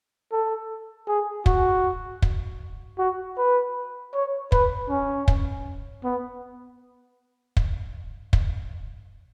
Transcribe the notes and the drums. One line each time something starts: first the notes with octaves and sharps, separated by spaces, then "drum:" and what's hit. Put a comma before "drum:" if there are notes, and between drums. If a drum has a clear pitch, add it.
A4
G#4
F#4, drum: kick
drum: kick
F#4
B4
C#5
B4, drum: kick
C#4
drum: kick
B3
drum: kick
drum: kick